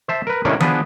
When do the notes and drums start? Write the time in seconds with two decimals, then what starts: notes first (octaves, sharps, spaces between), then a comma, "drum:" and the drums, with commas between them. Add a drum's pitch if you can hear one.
0.08 C5 E5 A5
0.27 A#4 B4
0.45 A2 C3 D#3 A#3 C#4 D4
0.60 F3 B3 D4 G#4 B4, drum: tom D#3